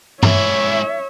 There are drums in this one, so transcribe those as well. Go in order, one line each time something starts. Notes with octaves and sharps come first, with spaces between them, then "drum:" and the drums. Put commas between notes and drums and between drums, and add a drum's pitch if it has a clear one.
G#2 E4 C#5 E5, drum: tom G2